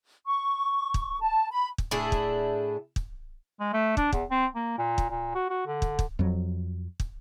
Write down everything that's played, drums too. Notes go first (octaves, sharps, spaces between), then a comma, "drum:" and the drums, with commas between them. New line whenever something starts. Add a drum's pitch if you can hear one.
C#6
drum: kick
A5
B5
drum: kick
A2 D4 E4 G#4
drum: kick
drum: kick
G#3
A3
D4, drum: kick
E2, drum: kick
C4
A#3
A#2
drum: kick
A#2
F#4
F#4
D3
drum: kick
drum: kick
F2 F#3
drum: kick